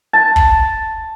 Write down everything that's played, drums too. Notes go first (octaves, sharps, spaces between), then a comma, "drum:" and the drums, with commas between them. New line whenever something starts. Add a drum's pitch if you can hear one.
A5
drum: kick